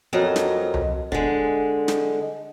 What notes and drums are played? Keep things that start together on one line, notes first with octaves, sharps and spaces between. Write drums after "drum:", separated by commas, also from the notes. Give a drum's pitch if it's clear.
F2 F3 F#3 A#4 D#5
drum: snare
drum: tom C2
D3 G#3, drum: kick
drum: snare